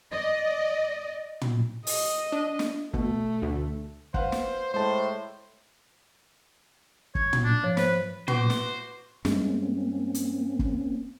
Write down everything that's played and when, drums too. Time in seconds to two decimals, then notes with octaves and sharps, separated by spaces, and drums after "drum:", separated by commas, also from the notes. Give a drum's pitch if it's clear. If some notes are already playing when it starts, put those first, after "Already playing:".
0.11 D5 D#5
1.41 drum: tom
1.87 D#5, drum: open hi-hat
2.32 D4
2.59 drum: snare
2.94 B2 A3, drum: kick
3.42 D2
4.14 B4 C5 F5 F#5, drum: kick
4.32 drum: snare
4.74 A2 G#3 C5 A5
7.15 C#5, drum: kick
7.33 drum: tom
7.44 D4
7.63 G#2 F3 C#5
7.77 B4 C5, drum: snare
8.28 F#4 B4 C5 D6, drum: tom
8.50 drum: snare
9.25 G2 G#3 A#3 C4 C#4, drum: snare
10.14 drum: hi-hat
10.59 drum: kick